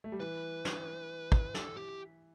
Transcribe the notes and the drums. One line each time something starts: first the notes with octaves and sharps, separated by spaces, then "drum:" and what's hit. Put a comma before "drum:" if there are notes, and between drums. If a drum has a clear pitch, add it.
A3
G3
E3 B4
drum: snare
drum: kick
A4, drum: snare
G4